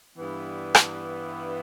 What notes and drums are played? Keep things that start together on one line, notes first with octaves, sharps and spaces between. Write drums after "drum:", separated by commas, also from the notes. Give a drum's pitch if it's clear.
G2 E3 B3
drum: rim click